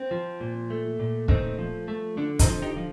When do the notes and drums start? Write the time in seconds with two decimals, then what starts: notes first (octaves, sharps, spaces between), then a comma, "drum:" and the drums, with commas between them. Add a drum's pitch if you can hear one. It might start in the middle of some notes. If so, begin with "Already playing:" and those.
Already playing: C4
0.11 F3
0.41 A#2
0.70 A3
1.00 A#2
1.28 A3 C4 D#4, drum: kick
1.58 F3
1.88 A3
2.17 D3 D4
2.39 C4 D#4, drum: kick, hi-hat
2.47 F3
2.62 D#4 G4
2.77 F3